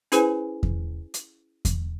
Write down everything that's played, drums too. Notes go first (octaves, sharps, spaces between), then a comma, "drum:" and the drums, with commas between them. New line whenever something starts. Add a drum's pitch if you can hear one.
C#4 E4 G#4 B4 C5 G#5, drum: hi-hat
drum: kick E2
drum: hi-hat
drum: kick E2, hi-hat